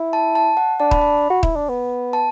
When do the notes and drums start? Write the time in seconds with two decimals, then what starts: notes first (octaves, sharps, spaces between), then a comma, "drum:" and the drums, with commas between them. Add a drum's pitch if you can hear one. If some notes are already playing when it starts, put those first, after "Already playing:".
Already playing: E4
0.13 A5
0.35 A5
0.57 F#5
0.80 D4 A5
0.91 B5, drum: kick
1.02 B5
1.30 F#4
1.43 E4, drum: kick
1.56 D4
1.69 B3
2.13 A5